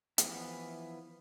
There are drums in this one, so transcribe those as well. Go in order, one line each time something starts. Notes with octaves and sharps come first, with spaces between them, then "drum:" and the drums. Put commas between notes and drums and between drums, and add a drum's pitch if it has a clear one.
E3 F3 B3 E4, drum: hi-hat